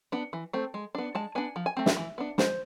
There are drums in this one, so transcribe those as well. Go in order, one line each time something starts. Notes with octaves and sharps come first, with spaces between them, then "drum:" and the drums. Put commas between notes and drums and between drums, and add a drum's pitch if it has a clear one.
B3 D4
E3
A3 C4
G#3
B3 D4
G#3 A5
B3 D4 G#5
F3
G#5
A3 C4
E5, drum: snare
E3
B3 D4
G#3 C5, drum: snare